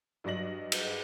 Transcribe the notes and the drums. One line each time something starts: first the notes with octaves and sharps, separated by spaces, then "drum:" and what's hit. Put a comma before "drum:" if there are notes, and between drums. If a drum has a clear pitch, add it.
G2 F#3 D5 D#5 A#6 F#7
drum: cymbal